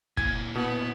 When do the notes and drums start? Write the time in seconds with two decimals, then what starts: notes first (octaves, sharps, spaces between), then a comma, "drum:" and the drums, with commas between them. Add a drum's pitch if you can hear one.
0.17 A#2 E3 G#6, drum: kick
0.55 B2 B3